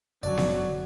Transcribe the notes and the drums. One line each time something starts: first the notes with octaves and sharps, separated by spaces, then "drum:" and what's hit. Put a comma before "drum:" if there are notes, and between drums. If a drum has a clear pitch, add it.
F#1 D3 F#3 C#4 D5
drum: snare B3